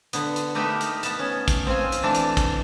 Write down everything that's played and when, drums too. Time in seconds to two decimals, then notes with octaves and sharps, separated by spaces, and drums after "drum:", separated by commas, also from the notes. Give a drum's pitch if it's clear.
0.13 D3 B3, drum: hi-hat
0.36 drum: hi-hat
0.55 A3 D#4 G4 A#4 B4
0.81 drum: hi-hat
1.03 B3 A5, drum: hi-hat
1.19 C#4
1.48 drum: kick, hi-hat
1.67 C4 F4 G#5
1.92 drum: hi-hat
2.03 E3 A3 D4 A5
2.15 drum: hi-hat
2.37 drum: kick, hi-hat